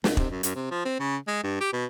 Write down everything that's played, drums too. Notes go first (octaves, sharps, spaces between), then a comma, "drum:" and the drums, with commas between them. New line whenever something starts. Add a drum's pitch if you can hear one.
C#2, drum: snare
C3, drum: kick
F#2
F#2, drum: hi-hat
C3
F3
C4
C#3
G#3
G2
G4
B2